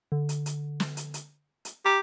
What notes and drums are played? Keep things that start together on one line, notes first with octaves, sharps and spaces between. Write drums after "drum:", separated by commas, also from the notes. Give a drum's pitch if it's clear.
D3
drum: hi-hat
drum: hi-hat
drum: snare
drum: hi-hat
drum: hi-hat
drum: hi-hat
G4 A#5